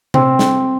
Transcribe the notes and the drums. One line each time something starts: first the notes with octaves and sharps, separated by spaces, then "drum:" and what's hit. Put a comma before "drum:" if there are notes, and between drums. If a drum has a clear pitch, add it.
C4, drum: tom C3
drum: snare